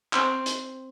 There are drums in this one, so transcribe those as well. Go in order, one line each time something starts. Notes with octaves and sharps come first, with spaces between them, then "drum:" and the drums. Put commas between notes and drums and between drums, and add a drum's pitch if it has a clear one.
C4, drum: clap
drum: hi-hat